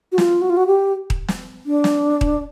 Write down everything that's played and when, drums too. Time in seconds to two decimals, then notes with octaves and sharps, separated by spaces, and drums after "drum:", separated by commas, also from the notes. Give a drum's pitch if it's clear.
0.12 F#4
0.18 F4, drum: snare
0.42 F#4
0.50 F4
0.57 F#4
0.67 G4
1.10 drum: kick D#1
1.28 drum: snare
1.66 D4
1.84 drum: snare
2.21 drum: kick D#1